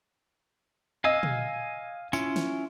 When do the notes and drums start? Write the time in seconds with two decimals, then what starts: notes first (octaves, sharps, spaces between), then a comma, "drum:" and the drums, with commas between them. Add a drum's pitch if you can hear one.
1.04 D#5 F5 G#5 E6
1.23 drum: tom
2.13 C#4 E4 F4, drum: tambourine
2.36 drum: snare